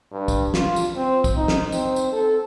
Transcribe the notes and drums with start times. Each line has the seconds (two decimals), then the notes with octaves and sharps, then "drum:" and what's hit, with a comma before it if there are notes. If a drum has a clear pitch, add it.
0.12 G2
0.28 drum: kick, tambourine
0.54 F4, drum: snare
0.76 drum: tambourine
0.96 C4
1.24 drum: kick, tambourine
1.36 D#4
1.48 drum: snare
1.72 C4, drum: tambourine
1.96 drum: tambourine
2.13 A4